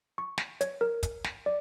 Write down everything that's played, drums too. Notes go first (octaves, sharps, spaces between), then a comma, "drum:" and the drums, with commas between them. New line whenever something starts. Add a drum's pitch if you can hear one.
C#6
drum: snare
C#5, drum: hi-hat
A#4
drum: kick, hi-hat
drum: snare
D5